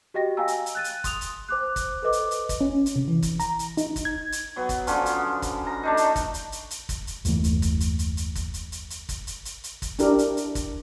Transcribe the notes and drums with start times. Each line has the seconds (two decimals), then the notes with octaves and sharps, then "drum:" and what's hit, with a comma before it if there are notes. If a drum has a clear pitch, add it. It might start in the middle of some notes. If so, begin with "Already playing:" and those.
0.14 F#4 G4 D#5 G5 A#6
0.37 F5 G5 G#5 A#5 E6
0.48 drum: hi-hat
0.66 drum: hi-hat
0.75 F#6 A6 D#7
0.84 drum: hi-hat
1.04 C6 D#6 F7, drum: kick, hi-hat
1.21 drum: hi-hat
1.49 C5 D6 F#6
1.76 drum: kick, hi-hat
2.02 A4 B4 D#5 D6
2.13 drum: hi-hat
2.31 drum: hi-hat
2.49 drum: kick, hi-hat
2.61 C#4
2.86 drum: hi-hat
2.96 C3
3.08 E3
3.22 drum: kick, hi-hat
3.40 A#5, drum: hi-hat
3.59 drum: hi-hat
3.77 D#4, drum: hi-hat
3.96 drum: kick, hi-hat
4.05 G#6
4.32 drum: hi-hat
4.56 F#3 B3
4.69 drum: kick, hi-hat
4.87 D3 F3 F#3 C#4, drum: hi-hat
5.06 drum: hi-hat
5.42 drum: kick, hi-hat
5.67 A#5
5.83 A3 D4 D#4
5.97 drum: hi-hat
6.16 drum: kick, hi-hat
6.34 drum: hi-hat
6.52 drum: hi-hat
6.71 drum: hi-hat
6.89 drum: kick, hi-hat
7.07 drum: hi-hat
7.25 F#1 D#2 E3 A3, drum: hi-hat
7.44 drum: hi-hat
7.62 drum: kick, hi-hat
7.80 drum: hi-hat
7.99 drum: hi-hat
8.17 drum: hi-hat
8.35 drum: kick, hi-hat
8.54 drum: hi-hat
8.72 drum: hi-hat
8.90 drum: hi-hat
9.09 drum: kick, hi-hat
9.27 drum: hi-hat
9.45 drum: hi-hat
9.64 drum: hi-hat
9.82 drum: kick, hi-hat
9.99 D4 E4 G4 A#4, drum: hi-hat
10.19 drum: hi-hat
10.37 drum: hi-hat
10.55 drum: kick, hi-hat